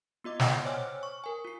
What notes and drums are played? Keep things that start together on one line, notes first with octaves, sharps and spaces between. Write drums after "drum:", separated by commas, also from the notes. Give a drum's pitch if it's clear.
B3 F4 D#5 D6
D5 D#5 F#5 G5 C6, drum: snare
C5 C#5 G#5 D6 E6 F6
C#6
A#4 G#5
F4 C7